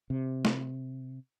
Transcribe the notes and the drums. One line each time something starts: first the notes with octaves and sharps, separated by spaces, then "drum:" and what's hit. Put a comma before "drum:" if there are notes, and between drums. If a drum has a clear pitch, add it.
C3
drum: snare